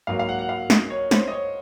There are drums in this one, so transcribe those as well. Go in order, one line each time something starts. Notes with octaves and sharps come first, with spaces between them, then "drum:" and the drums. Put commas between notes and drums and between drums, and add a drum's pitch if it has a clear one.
G#2 F#3 A#3 F5
F5
F#5
F#5
F5
D#5, drum: snare
C#5
C5, drum: snare
D#5
C#5